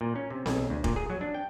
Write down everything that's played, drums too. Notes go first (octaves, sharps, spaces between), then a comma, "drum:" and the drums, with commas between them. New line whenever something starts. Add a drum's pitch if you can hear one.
A#2
C#4
C3
B1, drum: snare C4
D2
A#2, drum: kick F1
G#4
F#3
D4
G5